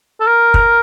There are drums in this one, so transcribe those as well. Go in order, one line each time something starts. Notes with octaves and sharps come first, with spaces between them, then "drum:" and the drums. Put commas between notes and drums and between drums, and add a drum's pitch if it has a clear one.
A4
A#4
drum: kick